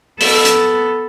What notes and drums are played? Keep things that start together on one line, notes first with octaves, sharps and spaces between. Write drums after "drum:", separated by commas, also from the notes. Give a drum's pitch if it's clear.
B3 A4, drum: open hi-hat
drum: hi-hat